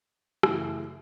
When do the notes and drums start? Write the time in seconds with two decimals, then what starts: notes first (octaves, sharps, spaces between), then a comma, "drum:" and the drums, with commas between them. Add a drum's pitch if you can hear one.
0.43 F#2 C#3 E3 A3, drum: rim click